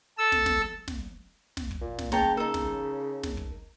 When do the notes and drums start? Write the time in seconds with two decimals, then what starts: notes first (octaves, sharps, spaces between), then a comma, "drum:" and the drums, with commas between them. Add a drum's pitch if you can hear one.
0.18 A4 E6
0.32 drum: snare
0.46 drum: snare
0.88 drum: snare
1.57 drum: snare
1.71 drum: kick
1.81 A#2
1.99 drum: snare
2.12 C#3 A#3 C#5 G5 A5 A#5, drum: snare
2.37 D#4 A4 A#4
2.54 drum: snare
3.23 drum: snare
3.37 drum: kick